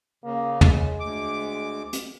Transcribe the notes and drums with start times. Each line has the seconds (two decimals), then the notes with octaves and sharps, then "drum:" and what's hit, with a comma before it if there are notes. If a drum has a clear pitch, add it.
0.24 C#3 A#3
0.61 G#3, drum: tom
1.00 D2 D6
1.93 drum: hi-hat